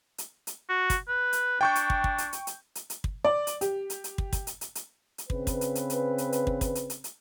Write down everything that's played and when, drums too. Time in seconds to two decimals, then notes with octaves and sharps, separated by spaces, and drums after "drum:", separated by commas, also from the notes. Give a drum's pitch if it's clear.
0.18 drum: hi-hat
0.47 drum: hi-hat
0.69 F#4
0.90 drum: kick, hi-hat
1.08 B4
1.33 drum: hi-hat
1.61 D4 G5 C#6 G6
1.75 drum: hi-hat
1.90 drum: kick
2.04 drum: kick
2.18 drum: hi-hat
2.33 drum: hi-hat
2.47 drum: hi-hat
2.75 drum: hi-hat
2.90 drum: hi-hat
3.04 drum: kick
3.25 D5
3.47 drum: hi-hat
3.61 G4, drum: hi-hat
3.90 drum: hi-hat
4.04 drum: hi-hat
4.18 drum: kick
4.33 drum: kick, hi-hat
4.47 drum: hi-hat
4.61 drum: hi-hat
4.75 drum: hi-hat
5.18 drum: hi-hat
5.30 C#3 C4 B4, drum: kick
5.47 drum: kick, hi-hat
5.61 drum: hi-hat
5.75 drum: hi-hat
5.90 drum: hi-hat
6.18 drum: hi-hat
6.32 drum: hi-hat
6.47 drum: kick
6.61 drum: kick, hi-hat
6.75 drum: hi-hat
6.90 drum: hi-hat
7.04 drum: hi-hat